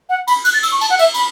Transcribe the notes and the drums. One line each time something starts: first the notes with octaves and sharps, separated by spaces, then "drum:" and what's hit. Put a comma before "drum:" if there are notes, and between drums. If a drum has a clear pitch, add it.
F#5
B5, drum: cymbal
F#6, drum: cymbal
A6
E6, drum: cymbal
C#6
A5, drum: cymbal
F#5
E5, drum: cymbal
B5, drum: cymbal